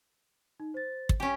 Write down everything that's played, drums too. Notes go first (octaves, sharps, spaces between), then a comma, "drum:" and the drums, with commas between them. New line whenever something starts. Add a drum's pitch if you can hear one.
D#4
C5 A6
drum: kick
C#4 G4 G#5